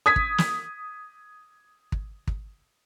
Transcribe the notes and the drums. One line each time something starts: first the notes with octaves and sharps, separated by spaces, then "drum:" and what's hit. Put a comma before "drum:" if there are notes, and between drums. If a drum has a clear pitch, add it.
D#6 G#6 B6
drum: kick
drum: snare
drum: kick
drum: kick